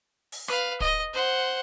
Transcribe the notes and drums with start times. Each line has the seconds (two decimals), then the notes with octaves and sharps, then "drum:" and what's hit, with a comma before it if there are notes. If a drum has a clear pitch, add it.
0.32 drum: open hi-hat
0.48 B4 F5, drum: rim click
0.80 D#5, drum: kick
1.13 C5 F#5